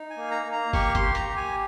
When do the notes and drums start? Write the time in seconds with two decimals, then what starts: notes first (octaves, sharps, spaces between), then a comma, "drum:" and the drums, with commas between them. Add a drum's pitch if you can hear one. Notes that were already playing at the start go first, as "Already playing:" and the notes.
Already playing: D#4
0.10 G#5
0.17 A#3
0.31 A#5
0.45 A#3
0.52 A#5
0.73 G4 C#6, drum: kick, open hi-hat
0.95 C6, drum: kick, hi-hat
1.01 G4
1.15 A#5, drum: hi-hat
1.30 G4
1.37 G#5